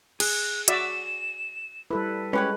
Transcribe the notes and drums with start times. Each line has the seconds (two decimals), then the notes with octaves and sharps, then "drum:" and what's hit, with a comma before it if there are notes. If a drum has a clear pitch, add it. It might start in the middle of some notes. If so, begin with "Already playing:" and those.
0.20 G#4 F#6, drum: cymbal
0.68 F#4 D5 E5 E7, drum: hi-hat
1.91 G3 E4 A4 B4
2.33 G#3 C#4 G4 B4 C#5